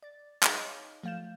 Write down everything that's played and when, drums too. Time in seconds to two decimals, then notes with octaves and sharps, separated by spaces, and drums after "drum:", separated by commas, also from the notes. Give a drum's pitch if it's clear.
0.03 D5 A6
0.43 D#4 G#4 C#5 D#5 F5 D6, drum: clap
1.04 F3 A3 F5 G6 E7